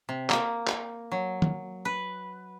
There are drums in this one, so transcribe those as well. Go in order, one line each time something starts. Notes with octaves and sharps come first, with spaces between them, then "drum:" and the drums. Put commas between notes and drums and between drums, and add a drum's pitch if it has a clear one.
C3
A#3, drum: clap
drum: clap
F#3
drum: tom
B4